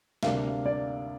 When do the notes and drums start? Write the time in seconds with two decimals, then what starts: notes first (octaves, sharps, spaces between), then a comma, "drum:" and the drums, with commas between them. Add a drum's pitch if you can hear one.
0.23 D2 C3 G3 A#3 D4 F5, drum: snare
0.66 D5